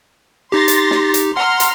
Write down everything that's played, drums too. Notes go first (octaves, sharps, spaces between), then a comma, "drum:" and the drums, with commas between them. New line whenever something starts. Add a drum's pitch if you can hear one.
D#4 G4 C6 A6 A#6
drum: hi-hat
drum: snare
drum: hi-hat
F#5 A#5 C6 F6
drum: hi-hat